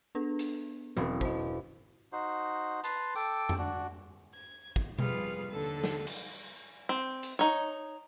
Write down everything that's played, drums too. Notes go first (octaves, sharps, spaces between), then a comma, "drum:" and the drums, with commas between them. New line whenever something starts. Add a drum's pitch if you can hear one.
B3 D4 A4
drum: hi-hat
E1 C4 C#4 F#4
C5 D#5, drum: kick
D#4 F#4 C5
B4 A5 C6, drum: hi-hat
A4 G5 D6, drum: tambourine
drum: tom F2
D4 F#4
G#6
drum: kick
F2 G3 F4 G#4 B4 F6, drum: tom B2
D#2 D3 A4 A5
drum: snare
drum: cymbal
C4
drum: hi-hat
D#4 C#5